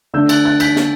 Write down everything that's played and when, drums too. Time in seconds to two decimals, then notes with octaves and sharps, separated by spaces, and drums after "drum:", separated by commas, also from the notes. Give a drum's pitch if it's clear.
0.14 D3 A3 D4 E6 G6
0.29 F#6 A6, drum: cymbal
0.45 F#6 A6
0.60 G6 B6, drum: cymbal
0.76 drum: snare